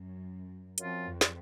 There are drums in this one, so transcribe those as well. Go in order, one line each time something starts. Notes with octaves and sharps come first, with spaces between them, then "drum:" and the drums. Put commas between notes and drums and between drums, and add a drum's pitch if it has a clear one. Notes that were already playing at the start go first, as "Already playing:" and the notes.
Already playing: F#2
F#2 F3 C4 F4, drum: hi-hat
F2
drum: snare